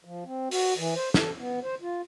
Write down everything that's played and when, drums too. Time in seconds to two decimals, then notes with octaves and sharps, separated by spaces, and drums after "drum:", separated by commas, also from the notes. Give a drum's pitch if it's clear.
0.05 F3
0.25 C4
0.51 F#4, drum: open hi-hat
0.78 E3
0.95 C5
1.14 A4, drum: snare
1.38 B3
1.63 C5
1.82 F4